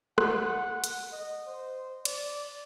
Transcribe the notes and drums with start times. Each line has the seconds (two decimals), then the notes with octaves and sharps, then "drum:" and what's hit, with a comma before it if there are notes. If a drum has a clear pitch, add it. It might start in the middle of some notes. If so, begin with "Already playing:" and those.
0.18 F#5, drum: rim click
0.84 drum: hi-hat
1.12 D#5
1.47 C5
2.05 D5, drum: cymbal